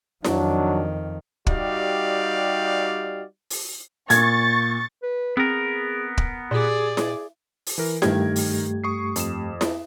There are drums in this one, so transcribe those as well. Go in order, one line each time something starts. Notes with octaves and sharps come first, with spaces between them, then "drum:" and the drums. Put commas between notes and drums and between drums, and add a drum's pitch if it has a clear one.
F2 D#3 F#3 D4, drum: snare E4
G3 D#4 F#4 G4 D5 F5, drum: kick
drum: open hi-hat
A#2 C#6 G#6 A6, drum: hi-hat
B4
B3 C4 G#4 A#4
drum: kick
A#2 G4 G#4 D5
drum: snare E4
drum: open hi-hat
E3 A#4
G2 D#3 A3 G4 A#4 G#6, drum: snare E4
drum: open hi-hat
C#6 D#6 C7
F2 E7, drum: hi-hat
drum: snare E4